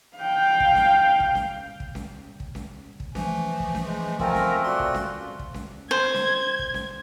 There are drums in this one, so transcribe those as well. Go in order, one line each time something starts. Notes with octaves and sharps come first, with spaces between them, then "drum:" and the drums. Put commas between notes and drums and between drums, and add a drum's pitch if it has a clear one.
F5 G5
drum: kick
drum: snare C#4
drum: kick
drum: snare C#4
drum: kick
drum: snare C#4
drum: kick
drum: snare C#4
drum: kick
E3 F3 A3 G#5, drum: snare C#4
drum: kick
drum: snare C#4
G#3
F3 A3 C4 F4 A#4 G#5, drum: kick
drum: snare C#4
F#4 D5 C6
drum: kick
drum: snare C#4
drum: kick
drum: snare C#4
C5 G#6
drum: snare C#4
drum: kick
drum: snare C#4